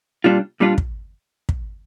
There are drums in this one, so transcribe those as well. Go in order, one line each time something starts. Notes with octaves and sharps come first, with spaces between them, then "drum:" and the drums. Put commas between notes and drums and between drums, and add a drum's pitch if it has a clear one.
A#2 G3 D4 F4
A#2 G3 D4 F4
drum: kick
drum: kick